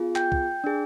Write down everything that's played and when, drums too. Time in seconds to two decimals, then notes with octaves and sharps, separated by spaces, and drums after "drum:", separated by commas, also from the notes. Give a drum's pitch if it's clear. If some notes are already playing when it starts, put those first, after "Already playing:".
Already playing: B3 F4 G#4
0.16 G5 G6, drum: clap
0.32 drum: kick
0.64 D4 G#4